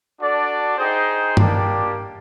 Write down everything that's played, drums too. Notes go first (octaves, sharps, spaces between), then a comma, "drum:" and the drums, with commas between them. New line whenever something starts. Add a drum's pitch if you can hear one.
D4 F#4 A4 D5
D#4 G#4 C5 D#5 G5
G3 A#3 D4 G4, drum: tom G2